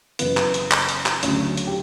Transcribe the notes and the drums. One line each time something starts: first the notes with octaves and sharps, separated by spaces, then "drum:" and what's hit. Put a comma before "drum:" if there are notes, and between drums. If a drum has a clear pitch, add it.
F#1 F#2 C#3 E3 B3, drum: hi-hat
drum: clap
drum: hi-hat
drum: clap
drum: hi-hat
drum: clap
D2 C#3 F#3 C#4, drum: hi-hat
drum: hi-hat
G4